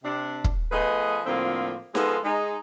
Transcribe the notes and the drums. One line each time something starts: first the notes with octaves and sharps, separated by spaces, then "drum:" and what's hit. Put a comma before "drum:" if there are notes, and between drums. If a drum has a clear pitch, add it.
C3 D4
drum: kick
F3 A3 B3 G#4 B4 D#5
A2 D3 F3 A#3 C4 F4
F3 G#3 B3 F4 G#4 A4, drum: snare D#4
G#3 D#4